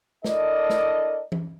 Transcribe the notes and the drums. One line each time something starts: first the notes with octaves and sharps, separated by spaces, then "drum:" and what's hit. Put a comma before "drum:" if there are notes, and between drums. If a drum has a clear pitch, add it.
D4 E4 A4 A#4 D5 D#5, drum: snare
drum: snare
drum: tom E3